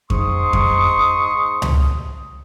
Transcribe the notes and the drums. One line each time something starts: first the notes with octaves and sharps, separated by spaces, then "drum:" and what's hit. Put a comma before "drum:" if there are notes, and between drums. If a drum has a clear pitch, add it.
G#2 C6 C#6 D#6, drum: kick F2
drum: kick F2
drum: tom C#2